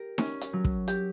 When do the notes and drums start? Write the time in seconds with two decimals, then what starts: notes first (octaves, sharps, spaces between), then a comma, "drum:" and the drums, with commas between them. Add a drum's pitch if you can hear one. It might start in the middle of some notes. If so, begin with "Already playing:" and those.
Already playing: G4 A#4
0.18 C#4, drum: snare D#4
0.41 drum: hi-hat
0.53 F#3
0.65 drum: kick
0.88 G4, drum: hi-hat